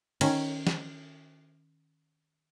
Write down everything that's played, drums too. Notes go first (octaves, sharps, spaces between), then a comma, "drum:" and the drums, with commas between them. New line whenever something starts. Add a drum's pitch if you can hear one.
D#3 C#4, drum: cymbal
drum: snare